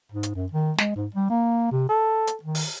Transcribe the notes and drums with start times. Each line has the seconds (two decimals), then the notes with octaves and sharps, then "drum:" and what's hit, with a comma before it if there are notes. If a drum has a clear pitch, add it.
0.12 G#2
0.23 drum: hi-hat
0.35 F#2
0.52 D#3
0.78 G#3, drum: snare
0.96 G#2
1.15 G3
1.30 A#3
1.72 C3
1.89 A4
2.27 drum: hi-hat
2.43 D#3
2.55 drum: open hi-hat